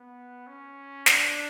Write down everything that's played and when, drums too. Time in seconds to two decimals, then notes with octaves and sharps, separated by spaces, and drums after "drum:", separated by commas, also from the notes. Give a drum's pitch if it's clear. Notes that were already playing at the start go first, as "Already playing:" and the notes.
Already playing: B3
0.47 C#4
1.06 D4, drum: snare